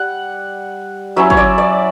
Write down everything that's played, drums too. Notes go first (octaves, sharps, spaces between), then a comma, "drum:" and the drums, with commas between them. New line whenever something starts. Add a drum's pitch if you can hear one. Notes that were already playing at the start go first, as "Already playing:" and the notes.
Already playing: G3 F#5
F#3 C#4 E4 E5
C#5, drum: kick
D5
D5